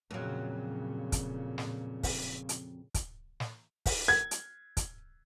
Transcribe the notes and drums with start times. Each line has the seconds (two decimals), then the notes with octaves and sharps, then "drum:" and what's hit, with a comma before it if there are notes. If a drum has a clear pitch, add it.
0.11 F2 A#2 C#3 F#3
1.12 drum: kick, hi-hat
1.58 drum: snare
2.03 drum: kick, open hi-hat
2.49 drum: hi-hat
2.94 drum: kick, hi-hat
3.40 drum: snare
3.86 drum: kick, open hi-hat
4.08 G#6
4.31 drum: hi-hat
4.77 drum: kick, hi-hat